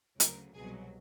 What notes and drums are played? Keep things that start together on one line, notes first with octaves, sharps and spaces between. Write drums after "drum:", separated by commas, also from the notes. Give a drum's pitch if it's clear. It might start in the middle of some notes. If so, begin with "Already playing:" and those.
D2 C#3 F#3 A#4, drum: hi-hat
C2 B2 F#3 G#4